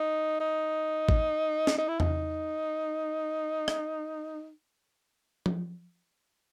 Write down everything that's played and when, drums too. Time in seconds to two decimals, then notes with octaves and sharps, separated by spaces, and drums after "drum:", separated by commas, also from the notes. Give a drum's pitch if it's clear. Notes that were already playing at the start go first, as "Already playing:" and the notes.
Already playing: D#4
0.41 D#4
1.09 drum: kick G#1
1.67 drum: snare
1.78 D#4
1.89 E4
2.00 D#4, drum: tom E2
3.68 drum: rim click
5.46 drum: tom F3